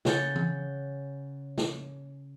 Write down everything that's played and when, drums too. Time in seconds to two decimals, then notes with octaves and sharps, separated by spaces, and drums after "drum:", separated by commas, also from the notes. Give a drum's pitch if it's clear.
0.05 C#3 F#5 G6 A6 C#7, drum: snare
0.36 drum: tom E3
1.58 drum: snare